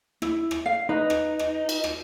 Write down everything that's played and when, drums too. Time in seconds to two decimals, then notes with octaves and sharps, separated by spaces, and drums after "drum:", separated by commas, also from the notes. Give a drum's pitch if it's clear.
0.22 E4, drum: rim click
0.51 drum: rim click
0.66 F5
0.89 D#4 B4
1.10 drum: rim click
1.39 drum: rim click
1.69 drum: cymbal
1.84 drum: rim click